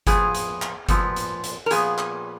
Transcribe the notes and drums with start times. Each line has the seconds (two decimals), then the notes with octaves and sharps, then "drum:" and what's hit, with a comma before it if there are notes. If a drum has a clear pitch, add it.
0.07 A#2 F3 B3 G#4, drum: kick G1, hi-hat
0.35 drum: hi-hat
0.62 drum: clap
0.89 A#2 F3 B3, drum: kick G1, hi-hat
1.16 drum: hi-hat
1.44 drum: hi-hat
1.66 A#4
1.71 A#2 F3 B3 G#4, drum: hi-hat
1.98 drum: clap